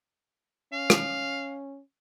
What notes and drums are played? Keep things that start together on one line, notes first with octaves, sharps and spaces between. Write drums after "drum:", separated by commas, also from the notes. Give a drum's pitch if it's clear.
C#4 F5
drum: rim click